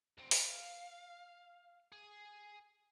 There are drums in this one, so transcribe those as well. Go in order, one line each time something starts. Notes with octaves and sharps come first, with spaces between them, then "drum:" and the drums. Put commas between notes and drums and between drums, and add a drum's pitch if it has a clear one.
D2 C4
F5, drum: open hi-hat
G#4